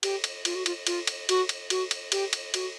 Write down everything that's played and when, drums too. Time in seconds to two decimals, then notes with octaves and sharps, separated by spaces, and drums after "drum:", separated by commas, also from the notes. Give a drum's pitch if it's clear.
0.03 G4, drum: cymbal
0.24 drum: cymbal
0.45 F4, drum: cymbal
0.55 F#4
0.66 F4, drum: cymbal
0.87 F4, drum: cymbal
1.07 drum: cymbal
1.29 F#4, drum: cymbal
1.49 drum: cymbal
1.70 F#4, drum: cymbal
1.91 drum: cymbal
2.12 G4, drum: cymbal
2.33 drum: cymbal
2.54 F#4, drum: cymbal